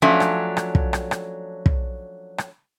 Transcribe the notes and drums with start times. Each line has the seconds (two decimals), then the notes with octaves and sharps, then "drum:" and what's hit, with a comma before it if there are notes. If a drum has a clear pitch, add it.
0.02 F3 F#3 A3 C#4 D4
0.20 drum: rim click
0.57 drum: rim click
0.75 drum: kick
0.93 drum: rim click
1.11 drum: rim click
1.66 drum: kick
2.38 drum: rim click